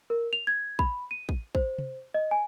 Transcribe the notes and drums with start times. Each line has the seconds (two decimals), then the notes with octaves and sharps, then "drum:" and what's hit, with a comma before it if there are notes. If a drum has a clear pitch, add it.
0.10 A#4
0.33 F7
0.47 G#6
0.79 B5, drum: kick
1.11 D#7
1.29 drum: kick
1.55 C5, drum: kick
1.78 drum: tom C3
2.14 D#5
2.31 G#5